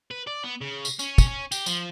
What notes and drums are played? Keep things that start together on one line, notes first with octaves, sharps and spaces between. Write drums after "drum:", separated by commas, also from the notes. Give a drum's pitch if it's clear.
B4
D5
B3
C#3
drum: tambourine
C#4, drum: tambourine
drum: kick, tambourine
C#4
G4, drum: tambourine
F3, drum: tambourine